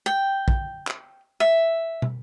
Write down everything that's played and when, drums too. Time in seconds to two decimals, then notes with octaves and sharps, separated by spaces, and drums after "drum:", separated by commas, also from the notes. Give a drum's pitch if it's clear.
0.06 G5
0.48 drum: kick
0.87 drum: clap
1.40 E5
2.02 drum: tom